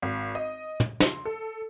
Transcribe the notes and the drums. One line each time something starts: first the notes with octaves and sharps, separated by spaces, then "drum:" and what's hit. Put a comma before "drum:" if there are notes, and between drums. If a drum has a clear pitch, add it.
G#1
D#5
drum: tom
C6, drum: snare
A4